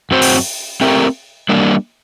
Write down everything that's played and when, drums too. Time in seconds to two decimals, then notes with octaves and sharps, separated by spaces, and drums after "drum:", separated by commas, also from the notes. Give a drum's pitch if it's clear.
0.11 F#2 F#3 C4 F#4 C5
0.22 drum: open hi-hat
0.81 A3 C4 G4 A#4
1.49 G3 A#3 D4